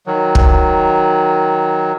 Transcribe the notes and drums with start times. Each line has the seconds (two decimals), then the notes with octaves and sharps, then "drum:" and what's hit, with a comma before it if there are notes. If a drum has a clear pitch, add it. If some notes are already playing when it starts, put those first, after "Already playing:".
0.07 D#3 F#3
0.35 drum: kick